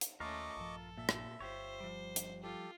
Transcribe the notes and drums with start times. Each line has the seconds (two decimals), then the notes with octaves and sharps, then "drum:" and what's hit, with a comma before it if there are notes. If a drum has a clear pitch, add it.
0.01 drum: hi-hat
0.20 D#2 A3 C#4 F4 A#4 D#5 C#6 D6
0.57 A#1 G2 F3 A4
0.98 A#2 E5
1.09 drum: rim click
1.40 G1 F4 G4 C5 C#5
1.80 F3 G3
2.16 drum: hi-hat
2.43 F4 G4 A4